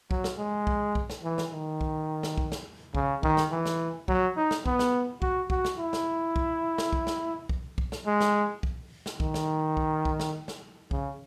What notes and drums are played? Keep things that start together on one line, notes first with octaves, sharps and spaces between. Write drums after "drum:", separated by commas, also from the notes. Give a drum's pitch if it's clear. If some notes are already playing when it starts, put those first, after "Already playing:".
F#3, drum: kick
drum: snare
G#3
drum: kick
drum: kick
drum: snare
E3
drum: snare
D#3
drum: kick
drum: snare
drum: kick
drum: snare
C#3, drum: kick
D#3, drum: kick
drum: snare
E3
drum: snare
F#3, drum: kick
D#4
drum: snare
B3, drum: kick
drum: snare
F#4, drum: kick
F#4, drum: kick
drum: snare
E4
drum: snare
drum: kick
drum: snare
drum: kick
drum: snare
drum: kick
drum: kick
drum: snare
G#3
drum: snare
drum: kick
drum: snare
D#3, drum: kick
drum: snare
drum: kick
drum: kick
drum: snare
drum: snare
C#3, drum: kick